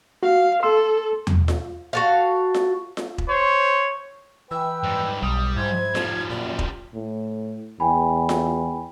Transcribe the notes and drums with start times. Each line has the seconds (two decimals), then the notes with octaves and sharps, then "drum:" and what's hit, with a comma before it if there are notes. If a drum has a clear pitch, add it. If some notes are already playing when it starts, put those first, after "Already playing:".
0.23 F#4 F5
0.63 A4 C6 E6
1.27 drum: tom E2
1.48 drum: snare F4
1.93 F#4 A4 F5
2.54 drum: snare F4
2.97 drum: snare F4
3.18 drum: kick E1
3.29 C5 C#5
4.51 E3 B4 G5 E6
4.84 G#2 G3
5.23 B1 G3 D#6
5.56 G#2 E4 C5 G#6
5.95 F3 G3, drum: snare F4
6.30 F#2 A#2 D5
6.59 drum: kick E1
6.94 A2
7.80 E2 G5 G#5 B5
8.29 drum: snare F4